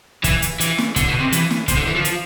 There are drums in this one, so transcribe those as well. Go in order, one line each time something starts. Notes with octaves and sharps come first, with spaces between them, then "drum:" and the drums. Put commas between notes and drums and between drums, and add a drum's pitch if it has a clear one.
E3, drum: kick, hi-hat
drum: hi-hat
E3, drum: hi-hat
drum: snare
D3, drum: kick, hi-hat
B2
C3
E3, drum: hi-hat
drum: snare
C3, drum: kick, hi-hat
D3
E3
F3
drum: hi-hat